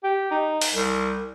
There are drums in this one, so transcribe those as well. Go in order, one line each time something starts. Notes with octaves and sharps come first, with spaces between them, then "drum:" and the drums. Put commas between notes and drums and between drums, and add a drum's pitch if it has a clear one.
G4
D#4
drum: open hi-hat
C2